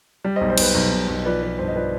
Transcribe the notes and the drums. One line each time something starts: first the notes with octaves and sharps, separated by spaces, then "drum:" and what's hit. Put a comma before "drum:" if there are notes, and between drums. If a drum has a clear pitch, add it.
G3
B1 C5 D#5
C5
B1 B4, drum: cymbal
B1
B1
B1
F3 B4 D5
F3 B4 D5
G2 C5
D#5
F3 B4 D5